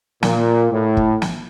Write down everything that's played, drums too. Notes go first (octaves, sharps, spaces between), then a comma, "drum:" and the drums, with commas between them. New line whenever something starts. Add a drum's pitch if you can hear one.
A#2, drum: snare
A2
drum: kick
drum: snare